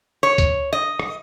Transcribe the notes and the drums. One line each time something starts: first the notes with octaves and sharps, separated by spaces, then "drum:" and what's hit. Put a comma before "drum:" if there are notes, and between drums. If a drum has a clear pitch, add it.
C#5
drum: kick C#2, hi-hat
D#5
drum: rim click